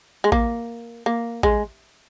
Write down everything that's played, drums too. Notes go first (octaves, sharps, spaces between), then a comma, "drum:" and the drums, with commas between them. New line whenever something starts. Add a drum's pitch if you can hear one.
G#3
A#3, drum: kick A1
A#3
G#3, drum: kick A1